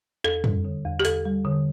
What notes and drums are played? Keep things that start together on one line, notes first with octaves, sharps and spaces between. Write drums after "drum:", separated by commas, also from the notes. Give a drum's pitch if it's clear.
E2 A4
G3, drum: tom
D3
E2
G4
E2 A4, drum: hi-hat
G3
D3